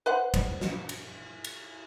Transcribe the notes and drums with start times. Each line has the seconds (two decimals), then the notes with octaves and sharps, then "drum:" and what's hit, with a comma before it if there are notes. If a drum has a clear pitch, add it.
0.06 B4 C5 F#5
0.34 drum: kick, cymbal
0.61 drum: snare
0.89 drum: cymbal
1.44 drum: cymbal